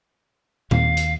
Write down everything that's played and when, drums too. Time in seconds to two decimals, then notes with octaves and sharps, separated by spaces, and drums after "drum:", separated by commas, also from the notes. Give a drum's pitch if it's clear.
0.71 D#2 F5, drum: tom A#2
0.97 drum: hi-hat